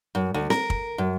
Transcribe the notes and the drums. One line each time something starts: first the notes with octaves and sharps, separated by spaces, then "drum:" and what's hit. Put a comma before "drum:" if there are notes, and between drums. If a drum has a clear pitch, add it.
F#2
D2
A#4, drum: snare C4
drum: kick
F#2